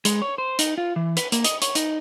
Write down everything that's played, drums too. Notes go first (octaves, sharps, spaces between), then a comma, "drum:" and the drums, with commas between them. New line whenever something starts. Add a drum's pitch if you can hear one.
G#3, drum: hi-hat
C#5
C5
D#4, drum: hi-hat
F4
E3
B4, drum: hi-hat
A#3, drum: hi-hat
D#5, drum: hi-hat
C#5, drum: hi-hat
D#4, drum: hi-hat